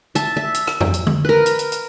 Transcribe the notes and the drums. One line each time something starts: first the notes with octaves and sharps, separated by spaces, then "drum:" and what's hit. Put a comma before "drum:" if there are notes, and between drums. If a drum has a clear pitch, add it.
E5 A5, drum: hi-hat
E5
drum: hi-hat
drum: rim click
drum: tom F2
drum: hi-hat
drum: tom D3
A#4 B4
drum: hi-hat
drum: hi-hat
drum: hi-hat